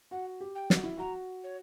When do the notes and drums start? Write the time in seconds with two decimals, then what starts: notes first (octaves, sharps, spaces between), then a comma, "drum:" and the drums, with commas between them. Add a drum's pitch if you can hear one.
0.11 F#4 F#5
0.40 G4
0.55 G5
0.70 F#4, drum: snare
0.84 E4
0.97 F#4 A#5
1.44 C#5